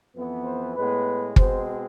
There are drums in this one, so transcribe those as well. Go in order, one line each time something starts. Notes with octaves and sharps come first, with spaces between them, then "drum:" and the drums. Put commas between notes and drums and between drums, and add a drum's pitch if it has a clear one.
F2 E3 B3
C5
A2 G#3 B3 B4
B2 G#3 C4 C5, drum: kick